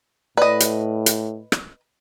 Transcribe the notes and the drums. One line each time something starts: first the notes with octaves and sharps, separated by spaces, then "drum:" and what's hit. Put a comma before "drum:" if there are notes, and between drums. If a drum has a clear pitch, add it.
A2 B4 D5 D#5
drum: hi-hat
drum: hi-hat
drum: rim click